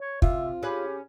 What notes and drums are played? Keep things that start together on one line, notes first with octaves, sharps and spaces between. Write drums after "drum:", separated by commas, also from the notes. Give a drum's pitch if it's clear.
C#5
C3 F4 E5, drum: kick
C#4 G4 G#4 B4